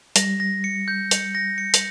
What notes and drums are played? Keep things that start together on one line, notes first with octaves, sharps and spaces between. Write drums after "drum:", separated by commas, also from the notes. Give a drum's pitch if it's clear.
G3 A#6, drum: hi-hat
A#6
C#7
G6
C#7, drum: hi-hat
A#6
C#7
drum: hi-hat